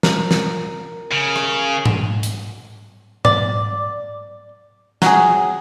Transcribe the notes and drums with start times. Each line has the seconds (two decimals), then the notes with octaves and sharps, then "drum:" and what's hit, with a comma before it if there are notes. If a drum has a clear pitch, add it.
0.03 A#4, drum: snare
0.31 drum: snare
1.12 C#3
1.36 drum: rim click
1.85 drum: tom G#2
2.23 drum: hi-hat
3.25 D5, drum: tom G#2
5.02 F#3 G#4, drum: snare